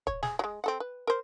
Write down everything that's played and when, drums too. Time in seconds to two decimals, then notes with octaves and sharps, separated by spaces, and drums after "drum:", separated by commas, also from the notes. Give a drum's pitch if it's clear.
0.07 C#5, drum: kick
0.23 G#4, drum: snare
0.39 F#3 G#3
0.64 C4 A4 F#5
0.80 B4
1.07 A#4 C5